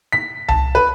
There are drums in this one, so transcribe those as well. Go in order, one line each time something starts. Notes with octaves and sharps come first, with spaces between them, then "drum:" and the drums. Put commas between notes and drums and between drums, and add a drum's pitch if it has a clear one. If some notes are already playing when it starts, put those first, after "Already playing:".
B6
A5, drum: tom C2
B4